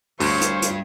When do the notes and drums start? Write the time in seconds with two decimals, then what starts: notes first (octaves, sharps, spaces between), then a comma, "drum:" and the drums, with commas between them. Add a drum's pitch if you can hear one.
0.20 D2 G2 C5 C#5 F5, drum: open hi-hat
0.41 drum: hi-hat
0.62 drum: hi-hat